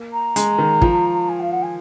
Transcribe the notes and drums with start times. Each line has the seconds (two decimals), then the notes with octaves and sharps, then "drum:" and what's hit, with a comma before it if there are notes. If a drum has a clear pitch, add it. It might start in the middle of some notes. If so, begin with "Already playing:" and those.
Already playing: A#3
0.12 A#5
0.36 G#3, drum: hi-hat
0.58 D#3
0.82 F3, drum: kick
1.28 G#5
1.40 F5
1.51 F#5
1.62 G#5